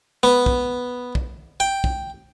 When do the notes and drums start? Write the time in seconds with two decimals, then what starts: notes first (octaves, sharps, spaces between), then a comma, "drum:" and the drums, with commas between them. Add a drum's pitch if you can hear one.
0.23 B3
0.46 drum: kick
1.15 drum: kick
1.60 G5
1.84 drum: kick